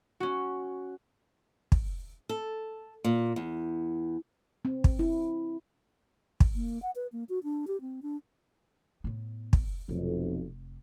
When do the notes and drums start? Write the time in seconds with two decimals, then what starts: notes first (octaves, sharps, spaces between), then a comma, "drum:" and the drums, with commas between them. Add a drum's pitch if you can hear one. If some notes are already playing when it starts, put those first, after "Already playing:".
0.20 C#4 F#4
1.72 drum: kick
2.29 A4
3.04 A#2
3.36 E2
4.65 C4
4.84 drum: kick
4.99 E4
6.40 drum: kick
6.55 A#3
6.82 F#5
6.96 B4
7.12 A#3
7.29 F#4
7.44 D4
7.67 G4
7.81 C4
8.02 D4
9.04 A2 B3
9.53 drum: kick
9.89 F1 B1 F2